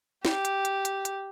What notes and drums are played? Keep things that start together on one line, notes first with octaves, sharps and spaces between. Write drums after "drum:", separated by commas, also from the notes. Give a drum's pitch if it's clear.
G4, drum: snare
drum: hi-hat
drum: hi-hat
drum: hi-hat
drum: hi-hat